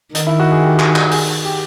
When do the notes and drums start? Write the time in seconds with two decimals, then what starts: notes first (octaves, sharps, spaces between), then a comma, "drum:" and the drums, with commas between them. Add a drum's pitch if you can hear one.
0.15 D#3 D#4, drum: hi-hat
0.27 E4
0.39 F#4
0.52 G#4
0.63 G4
0.79 drum: clap
0.96 drum: clap
1.11 G#4, drum: open hi-hat
1.45 G4